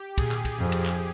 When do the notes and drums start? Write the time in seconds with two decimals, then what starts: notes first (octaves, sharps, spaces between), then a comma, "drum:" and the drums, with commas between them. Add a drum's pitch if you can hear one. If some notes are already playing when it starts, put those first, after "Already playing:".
Already playing: G4
0.18 A#2 G#4, drum: kick, cymbal
0.31 drum: clap
0.45 drum: kick, cymbal
0.58 F2
0.72 drum: cymbal
0.86 drum: clap